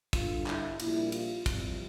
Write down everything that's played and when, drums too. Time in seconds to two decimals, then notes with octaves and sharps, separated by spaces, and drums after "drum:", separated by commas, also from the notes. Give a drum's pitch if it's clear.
0.13 G1 G2 D3 F4, drum: kick, cymbal
0.46 E4, drum: clap
0.80 A#1 A#2 G3 E4, drum: cymbal
1.12 F4, drum: cymbal
1.46 F2 C3 G3, drum: kick, cymbal